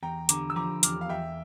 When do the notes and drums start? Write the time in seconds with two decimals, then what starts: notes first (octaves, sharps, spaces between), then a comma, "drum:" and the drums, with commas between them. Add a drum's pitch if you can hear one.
0.03 E2 G5 A#5
0.29 D3 A#5 D6, drum: hi-hat
0.50 E6
0.56 F3 A#5 D6
0.83 E2 D6 F6, drum: hi-hat
1.01 F5
1.09 E2 E5 G5